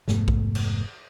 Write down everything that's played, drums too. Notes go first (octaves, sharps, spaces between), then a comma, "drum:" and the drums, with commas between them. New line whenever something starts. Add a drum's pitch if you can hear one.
F1 G#2 A3 B3, drum: snare
drum: kick A#1
drum: cymbal